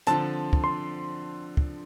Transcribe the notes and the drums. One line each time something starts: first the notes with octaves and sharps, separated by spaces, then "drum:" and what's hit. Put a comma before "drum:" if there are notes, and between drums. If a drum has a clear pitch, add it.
D3 F3 C4 A5, drum: hi-hat
drum: kick
C6
drum: kick